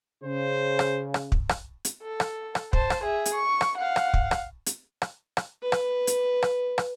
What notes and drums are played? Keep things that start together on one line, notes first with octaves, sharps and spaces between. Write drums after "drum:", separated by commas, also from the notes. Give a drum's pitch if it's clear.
C#3 C5
drum: rim click
drum: rim click
drum: kick
drum: rim click
drum: hi-hat
A4
drum: rim click
drum: rim click
C5 A5, drum: kick
drum: rim click
G#4 E5
drum: hi-hat
C#6
drum: rim click
F5 F#5
drum: rim click
drum: kick
drum: rim click
drum: hi-hat
drum: rim click
drum: rim click
B4
drum: rim click
drum: hi-hat
drum: rim click
drum: rim click